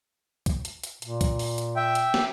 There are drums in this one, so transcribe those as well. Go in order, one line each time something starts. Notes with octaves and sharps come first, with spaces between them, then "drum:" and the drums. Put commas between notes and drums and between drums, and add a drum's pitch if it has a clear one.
drum: kick, hi-hat
drum: hi-hat
drum: hi-hat
A#2, drum: hi-hat
drum: kick, hi-hat
drum: open hi-hat
drum: hi-hat
E5 G5
drum: hi-hat
drum: snare